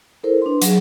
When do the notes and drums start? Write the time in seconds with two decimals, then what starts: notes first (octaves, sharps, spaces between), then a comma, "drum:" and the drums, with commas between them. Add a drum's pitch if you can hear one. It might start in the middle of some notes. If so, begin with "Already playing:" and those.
0.23 E4 A4 A#4 C5
0.42 D4 B4 C6
0.62 F#3 G#4, drum: hi-hat